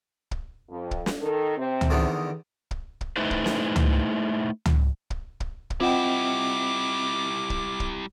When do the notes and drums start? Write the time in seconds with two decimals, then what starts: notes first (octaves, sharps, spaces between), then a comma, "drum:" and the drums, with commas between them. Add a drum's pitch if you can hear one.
0.31 drum: kick
0.69 F2
0.91 drum: kick
1.06 drum: snare
1.21 D#3 A4
1.57 C3 C4
1.81 drum: tom C#2
1.90 E2 D3 D#3
2.71 drum: kick
3.01 drum: kick
3.17 A3 D#4 E4 B4 C5
3.31 drum: kick
3.46 drum: snare
3.76 drum: tom C#2
4.65 drum: tom C#2
5.10 drum: kick
5.40 drum: kick
5.70 drum: kick
5.81 G3 C4 E4 F4 D#5 F#5 G5 D6
7.50 drum: kick
7.80 drum: kick